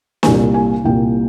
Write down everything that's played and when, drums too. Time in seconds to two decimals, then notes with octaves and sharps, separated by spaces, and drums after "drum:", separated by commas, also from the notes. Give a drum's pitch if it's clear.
0.23 C2 A#2 G3 A#3 G#5, drum: snare
0.54 G#5
0.84 C2 A#2 G3 A#3 G5